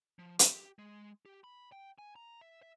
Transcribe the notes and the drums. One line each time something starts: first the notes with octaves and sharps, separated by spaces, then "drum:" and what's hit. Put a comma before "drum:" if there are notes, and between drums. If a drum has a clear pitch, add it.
F3
G4, drum: hi-hat
G#3
G4
B5
G5
G#5
A#5
E5
E5